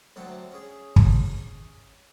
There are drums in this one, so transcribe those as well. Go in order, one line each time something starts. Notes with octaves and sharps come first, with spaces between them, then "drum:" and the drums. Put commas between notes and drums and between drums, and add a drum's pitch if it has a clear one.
D2 C3 F#3 G4 F#5 A5
C#4 G#4
drum: kick